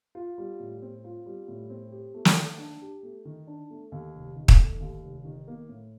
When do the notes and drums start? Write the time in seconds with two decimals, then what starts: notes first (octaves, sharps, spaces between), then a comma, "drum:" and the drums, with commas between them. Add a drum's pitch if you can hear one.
0.15 F4
0.38 G3
0.60 A2
0.82 C4
1.05 F4
1.26 G3
1.48 A2
1.70 C4
1.92 G4
2.14 A3
2.25 drum: snare
2.37 D#3
2.59 D4
2.82 G4
3.03 A3
3.25 D#3
3.47 D4
3.70 A3
3.92 D#2
4.15 F1
4.36 D#3
4.48 drum: kick
4.58 A3
4.80 D#2
5.03 F1
5.25 D#3
5.48 A#3
5.69 A2